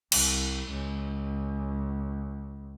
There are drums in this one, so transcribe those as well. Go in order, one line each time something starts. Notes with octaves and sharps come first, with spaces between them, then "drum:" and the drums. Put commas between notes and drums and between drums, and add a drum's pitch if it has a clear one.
C2, drum: cymbal
C#2